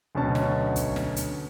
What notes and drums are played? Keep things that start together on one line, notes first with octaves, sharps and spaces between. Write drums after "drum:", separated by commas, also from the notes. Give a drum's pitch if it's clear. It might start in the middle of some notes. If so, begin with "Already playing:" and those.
D2 B2 F#3 C#4 A5
drum: snare
drum: kick, hi-hat
drum: snare
drum: hi-hat